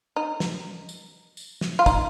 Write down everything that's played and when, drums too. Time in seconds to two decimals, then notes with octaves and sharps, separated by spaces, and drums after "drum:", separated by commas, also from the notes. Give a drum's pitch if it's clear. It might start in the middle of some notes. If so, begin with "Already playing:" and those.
0.16 D#4
0.40 drum: snare
0.89 drum: tambourine
1.37 drum: tambourine
1.61 drum: snare
1.79 F4
1.86 D#4, drum: kick, tambourine